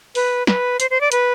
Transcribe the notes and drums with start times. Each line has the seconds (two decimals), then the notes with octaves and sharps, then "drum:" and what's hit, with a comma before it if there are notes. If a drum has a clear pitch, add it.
0.15 B4, drum: open hi-hat
0.47 B4, drum: snare
0.80 C5, drum: hi-hat
0.90 C5
1.01 D5
1.12 B4, drum: hi-hat